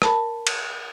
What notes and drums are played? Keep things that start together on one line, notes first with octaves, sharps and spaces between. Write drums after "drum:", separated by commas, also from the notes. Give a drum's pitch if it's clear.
A#4 A5 B5, drum: rim click
drum: cymbal